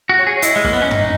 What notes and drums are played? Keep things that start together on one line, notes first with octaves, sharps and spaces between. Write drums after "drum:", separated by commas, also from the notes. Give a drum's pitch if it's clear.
F#4
C#5
G#4
E4 D#5, drum: hi-hat
G#3
A#3, drum: kick
B3
C#4
D#4, drum: tom